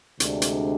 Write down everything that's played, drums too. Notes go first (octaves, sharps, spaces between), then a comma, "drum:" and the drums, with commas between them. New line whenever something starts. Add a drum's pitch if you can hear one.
D2 C3 G#3 D4, drum: hi-hat
drum: hi-hat